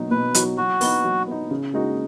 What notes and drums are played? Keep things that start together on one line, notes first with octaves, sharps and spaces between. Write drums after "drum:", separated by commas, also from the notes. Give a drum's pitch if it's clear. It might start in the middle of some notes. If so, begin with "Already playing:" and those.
Already playing: B2 F#3 D#4 F#4
B2 B4
F#3 D#4 F#4, drum: hi-hat
F#3 F#4
B3 D#4, drum: open hi-hat
F#3
B3 D#4
C#3
G#3 D#4 F#4